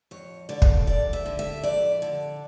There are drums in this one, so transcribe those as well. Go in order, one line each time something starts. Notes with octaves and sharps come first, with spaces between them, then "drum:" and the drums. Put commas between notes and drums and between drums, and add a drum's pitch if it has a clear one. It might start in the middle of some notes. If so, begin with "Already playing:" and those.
F2 C#5
D3 D5
drum: kick
F2 D5
E5
D3
E5
F2 D5
D3